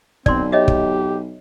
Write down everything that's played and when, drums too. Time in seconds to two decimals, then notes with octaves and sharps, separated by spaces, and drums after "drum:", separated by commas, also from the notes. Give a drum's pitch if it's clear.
0.26 B1 C4 D5 C6, drum: kick
0.52 G4 C#5 D#5 E5
0.68 drum: kick